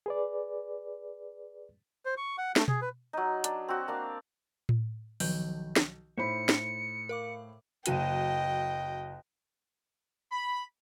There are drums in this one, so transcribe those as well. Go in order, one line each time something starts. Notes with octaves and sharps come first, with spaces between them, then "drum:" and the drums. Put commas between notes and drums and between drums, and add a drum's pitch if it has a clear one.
G#4 B4 D5
C5
C#6
F#5
A3, drum: snare
G#4, drum: tom B2
B4
F#3 D#4
D4, drum: hi-hat
C4 F#4
A#3 D4 F5
drum: tom A2
B1 D#3 F3 G6, drum: open hi-hat
drum: snare
A2 D#4 C5 B5 C#7
drum: snare
A#4 F5 D6
F#1 F#3 D#5 G5 D#7, drum: hi-hat
B5